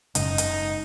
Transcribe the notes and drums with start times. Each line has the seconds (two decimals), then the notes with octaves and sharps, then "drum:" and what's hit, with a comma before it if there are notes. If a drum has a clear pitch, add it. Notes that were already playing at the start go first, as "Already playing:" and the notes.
0.15 F#1 G#2 C#3 D#4, drum: hi-hat
0.38 drum: hi-hat